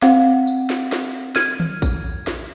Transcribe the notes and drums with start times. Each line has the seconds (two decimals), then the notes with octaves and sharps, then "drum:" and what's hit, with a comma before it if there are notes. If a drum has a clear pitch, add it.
0.02 C4 F5 F#5, drum: snare
0.47 drum: tambourine
0.70 drum: snare
0.92 drum: snare
1.36 F6 G#6 D#7, drum: snare
1.60 drum: tom D#3
1.82 drum: kick A1, tambourine
2.27 drum: snare